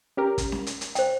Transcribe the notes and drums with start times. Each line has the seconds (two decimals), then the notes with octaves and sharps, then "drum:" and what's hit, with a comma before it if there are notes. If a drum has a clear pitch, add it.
0.17 C#4 G4 A#4
0.38 drum: kick, hi-hat
0.52 drum: snare C#4
0.67 drum: hi-hat
0.81 drum: hi-hat
0.95 C5 G5, drum: hi-hat